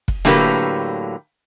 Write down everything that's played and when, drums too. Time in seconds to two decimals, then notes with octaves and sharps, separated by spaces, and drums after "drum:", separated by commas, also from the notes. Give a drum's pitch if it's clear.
0.08 drum: kick F1
0.25 A2 D3 F#3 A#3 G4 B4, drum: snare A#3